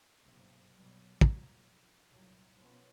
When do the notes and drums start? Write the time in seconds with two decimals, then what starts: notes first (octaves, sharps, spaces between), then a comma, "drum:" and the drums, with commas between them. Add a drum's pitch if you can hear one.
0.24 F#1 B1 G2 C3 A#3
0.74 B2 F#3 G3
1.21 C2 A#2 F#3, drum: kick
1.63 F1
2.09 C2 F#2 A#2 F#3
2.59 B2 F3 B3 C#4